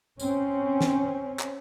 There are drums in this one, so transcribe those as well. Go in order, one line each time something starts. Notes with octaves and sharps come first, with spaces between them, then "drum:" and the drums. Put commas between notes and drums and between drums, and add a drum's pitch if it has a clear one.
C4 C#4, drum: tambourine
drum: snare
drum: clap